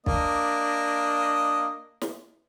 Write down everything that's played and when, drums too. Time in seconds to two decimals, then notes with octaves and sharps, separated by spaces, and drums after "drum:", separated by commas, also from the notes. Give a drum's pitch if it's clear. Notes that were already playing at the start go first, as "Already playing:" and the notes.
0.06 A#3 D4 D#5, drum: kick
2.01 drum: snare